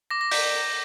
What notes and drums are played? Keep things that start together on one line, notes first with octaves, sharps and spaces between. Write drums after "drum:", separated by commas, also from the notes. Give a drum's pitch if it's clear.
D6 A#6
A#6
G6 B6, drum: open hi-hat